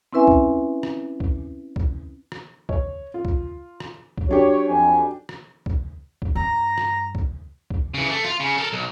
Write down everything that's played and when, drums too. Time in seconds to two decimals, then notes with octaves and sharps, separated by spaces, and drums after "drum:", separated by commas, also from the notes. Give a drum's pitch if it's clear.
0.13 C4 C#4 E4 B4 E5 G#5
0.27 drum: kick
0.83 drum: rim click
1.20 drum: kick
1.76 drum: kick
2.32 drum: rim click
2.69 C#5, drum: kick
3.14 F4
3.25 drum: kick
3.80 drum: rim click
4.18 drum: kick
4.29 F#3 D4 G4 C#5
4.67 F2 G#5
5.29 drum: rim click
5.66 drum: kick
6.22 drum: kick
6.35 G2 A#5
6.78 drum: rim click
7.15 drum: kick
7.70 drum: kick
7.94 C#3 E3
8.11 A3
8.25 F4, drum: rim click
8.40 C#3
8.58 A4 A#4
8.73 B1